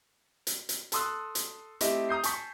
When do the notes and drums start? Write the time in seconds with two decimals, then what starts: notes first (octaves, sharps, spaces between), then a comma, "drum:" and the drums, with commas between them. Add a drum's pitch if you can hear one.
0.47 drum: hi-hat
0.69 drum: hi-hat
0.92 A4 A5 C6 D#6 E6 F#6, drum: hi-hat
1.35 drum: hi-hat
1.81 A3 C4 E4 G4 D#5, drum: hi-hat
2.09 A#5 D#6 G6 C7
2.23 G#5 A5 C#6 B6, drum: hi-hat